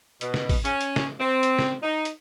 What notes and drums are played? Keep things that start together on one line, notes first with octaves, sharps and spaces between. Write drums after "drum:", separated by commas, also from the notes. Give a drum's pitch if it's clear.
B2, drum: hi-hat
drum: snare
drum: kick A1, open hi-hat
C#4, drum: hi-hat
drum: hi-hat
drum: snare
C4
drum: hi-hat
drum: snare
D#4
drum: hi-hat